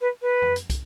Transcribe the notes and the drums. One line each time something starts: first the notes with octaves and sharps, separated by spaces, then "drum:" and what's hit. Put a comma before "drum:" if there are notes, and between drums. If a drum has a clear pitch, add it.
B4
B4
drum: tom F2
drum: hi-hat
drum: kick, hi-hat